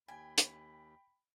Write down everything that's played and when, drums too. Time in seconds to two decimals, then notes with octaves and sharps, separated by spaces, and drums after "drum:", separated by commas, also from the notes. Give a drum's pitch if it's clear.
0.08 D#2 G5 G#5 B5
0.38 drum: hi-hat